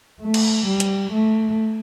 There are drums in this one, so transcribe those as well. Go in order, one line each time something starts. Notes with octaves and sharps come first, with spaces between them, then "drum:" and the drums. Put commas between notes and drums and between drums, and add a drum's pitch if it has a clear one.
A3
drum: cymbal
G3
drum: hi-hat
A3